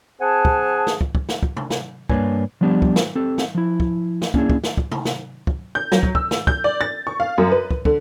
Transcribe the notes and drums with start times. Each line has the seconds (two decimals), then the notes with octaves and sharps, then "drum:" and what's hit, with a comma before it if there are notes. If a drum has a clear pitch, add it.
0.21 C4 G#4 F#5 G#5 A5
0.45 drum: kick
0.87 drum: snare
1.01 drum: kick
1.15 drum: kick
1.29 drum: snare
1.43 drum: kick
1.57 drum: tom
1.70 drum: snare
2.10 G2 A#3 D4 B4 C#5 G#5, drum: kick
2.61 F3 G3 B3 D4 G4
2.82 drum: kick
2.96 drum: snare
3.15 C4 G4 A4
3.38 drum: snare
3.55 F3 E4
3.80 drum: kick
4.22 drum: snare
4.34 A#3 C#4 D4 E4 G#4, drum: kick
4.50 drum: kick
4.64 drum: snare
4.77 drum: kick
4.91 drum: tom
5.05 drum: snare
5.47 drum: kick
5.75 G6
5.92 F#3, drum: snare
6.03 drum: kick
6.15 E6, drum: kick
6.31 drum: snare
6.47 G6, drum: kick
6.64 D5
6.81 A6
7.07 C#6
7.20 F5
7.38 F#2
7.52 B4
7.71 drum: kick
7.85 D3, drum: kick